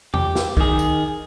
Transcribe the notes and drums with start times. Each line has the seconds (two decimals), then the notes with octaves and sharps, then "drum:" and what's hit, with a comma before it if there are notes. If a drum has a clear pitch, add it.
0.14 G4, drum: tom E2
0.35 drum: snare
0.57 D#3 G#4, drum: kick
0.79 drum: tambourine